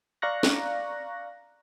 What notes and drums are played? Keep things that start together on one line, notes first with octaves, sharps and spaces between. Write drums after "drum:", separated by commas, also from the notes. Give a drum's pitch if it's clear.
D5 F5 A#5 C#6 F#6 A#6
drum: snare